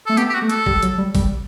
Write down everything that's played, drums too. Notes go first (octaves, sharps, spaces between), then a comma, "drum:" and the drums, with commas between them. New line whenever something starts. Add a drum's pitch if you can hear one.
A3 A4
B3 G4, drum: hi-hat
G4
F#4
A3
A4, drum: hi-hat
G3, drum: kick G1
F#3, drum: hi-hat
G3
G3, drum: kick G1, open hi-hat